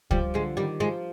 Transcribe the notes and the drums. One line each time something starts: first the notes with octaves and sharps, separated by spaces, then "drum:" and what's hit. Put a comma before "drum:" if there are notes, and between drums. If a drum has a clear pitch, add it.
F3 G3, drum: kick C#2
D3 G#3
D#3 G3
F3 G#3